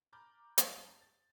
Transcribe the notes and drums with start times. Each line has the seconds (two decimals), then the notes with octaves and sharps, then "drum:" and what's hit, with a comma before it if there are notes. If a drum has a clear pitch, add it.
0.13 A#5 B5 D6 F6 G6 A6
0.58 F#2 D#5 A5 F7, drum: hi-hat
1.01 A6